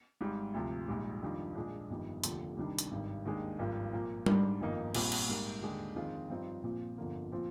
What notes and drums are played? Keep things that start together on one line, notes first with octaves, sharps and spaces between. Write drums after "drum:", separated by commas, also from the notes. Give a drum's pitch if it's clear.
G#1 G#2 G3
D2 C3 F3
A#1 G#2 G3
F2 D#3 G3 D4 F4
A#1 A#2 G#3 D4
G1 F2 D#3 G3
F1 D#2 D3 F3, drum: hi-hat
C2 C3 D#3 G3 D4
drum: hi-hat
G#1 G2 D#3
D#2 D#3 G#3 D4
G#1 G2 F3 A#3 F4
A#2 F3 A#3
G#2 G3 D4, drum: tom G3
G1 F2 D#3 A#3 D#4
A#1 A#2 G3 C4, drum: cymbal
drum: cymbal
G#2 G3 A#3
D#2 D3 G#3 D4
F2 D#3 G#3 C4 F4
G2 F3 C4 D#4
A#1 A#2 F3 C4
G1 F2 D3 F3 A#3
A#2 F3 C4 F4